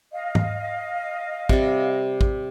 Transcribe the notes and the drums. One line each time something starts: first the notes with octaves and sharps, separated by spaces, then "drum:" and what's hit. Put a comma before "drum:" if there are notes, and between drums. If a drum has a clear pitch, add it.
D#5 F5
drum: tom G#2
C3 G3, drum: kick
drum: kick